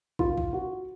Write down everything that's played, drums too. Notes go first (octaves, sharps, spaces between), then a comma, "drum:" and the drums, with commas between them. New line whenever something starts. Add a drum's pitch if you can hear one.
F4, drum: kick
drum: kick
F#4